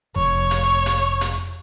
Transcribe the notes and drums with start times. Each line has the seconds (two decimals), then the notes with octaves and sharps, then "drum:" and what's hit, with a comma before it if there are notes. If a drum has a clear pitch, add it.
0.16 F1 C#5
0.51 drum: hi-hat
0.86 drum: hi-hat
1.21 drum: hi-hat